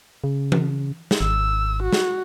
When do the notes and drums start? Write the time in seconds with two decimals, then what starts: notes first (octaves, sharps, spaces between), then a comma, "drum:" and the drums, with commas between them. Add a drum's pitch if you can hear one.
0.24 C#3
0.52 drum: tom E3
1.11 drum: snare
1.21 G#1 E6
1.83 F#4
1.92 drum: snare